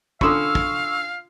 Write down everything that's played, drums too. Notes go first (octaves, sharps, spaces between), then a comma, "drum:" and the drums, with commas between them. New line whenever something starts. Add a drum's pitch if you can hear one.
D3 C#4 F4 F5 C6 C#6 D#6 E6, drum: kick
drum: kick